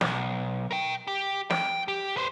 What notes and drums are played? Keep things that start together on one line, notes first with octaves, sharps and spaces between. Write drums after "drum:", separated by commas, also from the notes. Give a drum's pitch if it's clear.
B1, drum: snare
A#4 G5
G4
G5, drum: snare
G4
B4 C5